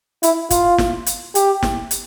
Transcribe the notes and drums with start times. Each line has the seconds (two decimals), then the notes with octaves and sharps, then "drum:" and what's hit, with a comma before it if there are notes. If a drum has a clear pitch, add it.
0.23 E4, drum: hi-hat
0.50 F4, drum: kick, hi-hat
0.78 drum: snare
1.06 drum: hi-hat
1.35 G4, drum: hi-hat
1.63 drum: snare
1.91 drum: hi-hat